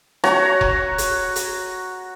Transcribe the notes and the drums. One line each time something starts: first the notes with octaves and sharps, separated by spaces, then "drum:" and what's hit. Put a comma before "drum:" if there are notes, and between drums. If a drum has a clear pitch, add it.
F#4 C#5 A#5 C#6, drum: rim click
drum: kick E1
drum: hi-hat
drum: hi-hat